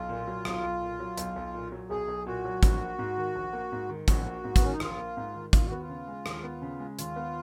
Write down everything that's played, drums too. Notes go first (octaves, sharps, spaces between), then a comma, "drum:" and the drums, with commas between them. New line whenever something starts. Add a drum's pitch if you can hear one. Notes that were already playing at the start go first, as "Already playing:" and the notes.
Already playing: B1 F4
A#2
F#3
B1, drum: rim click
B1
A#2
F#3
B1, drum: hi-hat
B1
A#2
F#3
B1 G#4
B1
A#2 F#4
F#3
A#1, drum: kick, hi-hat
A#3
G#2
D#3
A#1
A#3
G#2
D#3
A#1 F#4, drum: kick, hi-hat
A#3
G#2
B3, drum: kick, hi-hat
D#3 C#4
D#4
A#1 F4, drum: rim click
A#3
G#2
D#3
D#2 F4, drum: kick, hi-hat
B3 F#4
F4
C#3
G#3
D#2, drum: rim click
B3
C#3
G#3
D#2 F4, drum: hi-hat
B3